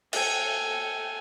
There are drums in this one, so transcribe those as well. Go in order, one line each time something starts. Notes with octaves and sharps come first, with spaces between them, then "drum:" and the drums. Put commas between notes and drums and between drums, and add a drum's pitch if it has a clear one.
A4 G#5, drum: cymbal